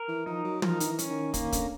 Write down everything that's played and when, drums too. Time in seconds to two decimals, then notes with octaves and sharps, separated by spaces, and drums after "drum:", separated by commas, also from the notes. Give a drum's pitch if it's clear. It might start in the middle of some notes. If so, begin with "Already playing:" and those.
Already playing: A#4
0.08 E3
0.26 F3 D#4
0.44 F#3
0.62 F3 A#4, drum: tom
0.80 D#3, drum: hi-hat
0.86 E3
0.99 E3 C#4, drum: hi-hat
1.10 D#3
1.34 D#3 A#3, drum: kick, hi-hat
1.52 D3, drum: kick, hi-hat